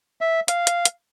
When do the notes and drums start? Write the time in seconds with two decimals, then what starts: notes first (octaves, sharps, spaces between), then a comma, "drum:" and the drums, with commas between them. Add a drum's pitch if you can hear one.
0.21 E5
0.48 F5, drum: hi-hat
0.67 drum: hi-hat
0.85 drum: hi-hat